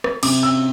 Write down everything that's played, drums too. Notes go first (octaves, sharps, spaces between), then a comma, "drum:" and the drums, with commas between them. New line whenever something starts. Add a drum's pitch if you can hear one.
drum: rim click
C3 D6, drum: cymbal
E6